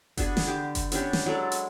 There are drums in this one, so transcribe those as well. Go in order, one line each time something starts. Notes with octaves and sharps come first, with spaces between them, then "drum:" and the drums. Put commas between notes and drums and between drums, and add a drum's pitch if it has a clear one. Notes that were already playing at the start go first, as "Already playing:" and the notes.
B3 D4 F#4 G#4, drum: kick F#1, hi-hat
drum: snare
D3 G4 D6
drum: kick F#1, hi-hat
B3 C#4 D4 G4, drum: hi-hat
drum: snare
F#3 G#3 A4 D5
drum: hi-hat